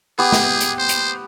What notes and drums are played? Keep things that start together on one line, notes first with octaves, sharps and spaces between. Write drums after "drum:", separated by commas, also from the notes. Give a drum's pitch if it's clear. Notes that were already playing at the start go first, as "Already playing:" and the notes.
B3 G4 G#4 D6
drum: snare
drum: hi-hat
C5
drum: hi-hat